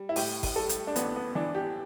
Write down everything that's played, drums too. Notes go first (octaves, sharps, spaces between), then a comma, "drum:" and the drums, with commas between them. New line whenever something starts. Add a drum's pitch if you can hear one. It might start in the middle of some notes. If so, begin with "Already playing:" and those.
Already playing: G3
E4
A2 G4, drum: open hi-hat
drum: kick G1, open hi-hat
G3 A4
drum: hi-hat
D4
A1 B3, drum: hi-hat
B3
E3 D4
G4